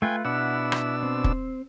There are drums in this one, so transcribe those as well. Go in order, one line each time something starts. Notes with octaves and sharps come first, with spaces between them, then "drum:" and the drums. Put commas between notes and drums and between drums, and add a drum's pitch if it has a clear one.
A3 F4 B4 G5 G#5
B2 D4 E4 F#5 E6
drum: rim click
C4
drum: kick